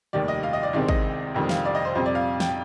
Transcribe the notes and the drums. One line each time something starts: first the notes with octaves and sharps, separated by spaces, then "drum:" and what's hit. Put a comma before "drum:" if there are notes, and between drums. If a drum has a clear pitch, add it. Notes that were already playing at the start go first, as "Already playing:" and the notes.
F1 D#2 D#3 G3 D5
D#5
F5
D#5
D5
C2 C3 D#3 G#3 C4 D5
D#5, drum: kick G#1
F1 F2 D#3 G3 C4
F5, drum: snare
D5
D#5
C5
F2 C3 G3 C5
D5
F5
G5, drum: snare